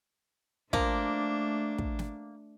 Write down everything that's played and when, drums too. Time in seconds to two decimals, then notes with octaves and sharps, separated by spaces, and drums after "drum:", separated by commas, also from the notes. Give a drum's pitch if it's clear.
0.73 F3 A3 A#3 D4, drum: kick
1.78 drum: kick
1.99 drum: snare